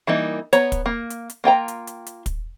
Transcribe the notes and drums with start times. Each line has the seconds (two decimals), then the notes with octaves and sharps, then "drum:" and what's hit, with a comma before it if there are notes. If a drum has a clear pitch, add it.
0.07 E3 G3 A#3 D#4
0.53 B3 C#5 A#5, drum: hi-hat
0.72 drum: kick, hi-hat
0.86 A#3
1.10 drum: hi-hat
1.30 drum: hi-hat
1.44 A#3 F4 G5 A#5
1.68 drum: hi-hat
1.87 drum: hi-hat
2.07 drum: hi-hat
2.26 drum: kick, hi-hat